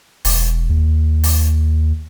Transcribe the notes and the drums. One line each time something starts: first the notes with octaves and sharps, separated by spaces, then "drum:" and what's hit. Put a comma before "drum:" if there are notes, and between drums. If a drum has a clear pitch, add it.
E1, drum: open hi-hat
D#2
drum: open hi-hat